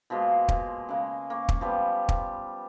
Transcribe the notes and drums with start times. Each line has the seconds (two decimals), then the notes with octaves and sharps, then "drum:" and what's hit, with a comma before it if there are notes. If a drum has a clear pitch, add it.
0.10 B2 F3 G#3 A#3
0.49 drum: kick
0.89 C#3 G#3
1.30 A#3 C#6
1.49 drum: kick
1.61 F3 G3 B3
2.09 drum: kick